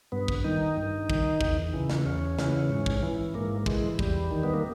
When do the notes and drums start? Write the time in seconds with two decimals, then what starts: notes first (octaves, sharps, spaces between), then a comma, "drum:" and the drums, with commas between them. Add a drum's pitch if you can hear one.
0.12 G2 B3
0.28 drum: kick
0.44 D#3 D#4
0.77 G2
1.10 D#3, drum: kick
1.41 E2, drum: kick
1.73 C#3 E3
1.90 drum: snare
2.05 E2 C#4
2.39 C#3 E3, drum: snare
2.70 G#2
2.86 drum: kick
3.03 E3
3.34 G#2 A#3
3.66 E3 G#3, drum: kick
3.99 E2 G3, drum: kick
4.31 D#3
4.44 B3
4.54 A#3